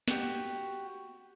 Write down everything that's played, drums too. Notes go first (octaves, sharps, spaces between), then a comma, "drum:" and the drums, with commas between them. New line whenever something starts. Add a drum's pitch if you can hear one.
F#4 G4, drum: snare